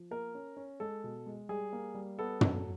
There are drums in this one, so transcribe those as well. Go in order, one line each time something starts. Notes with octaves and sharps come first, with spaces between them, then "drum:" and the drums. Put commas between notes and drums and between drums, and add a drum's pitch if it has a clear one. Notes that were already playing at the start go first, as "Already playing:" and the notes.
Already playing: F3
A#3 A#4
C#4
C#4
G#3 A4
B2
G#3
G3 G#4
A#3
G3
B3 A4
F#3, drum: tom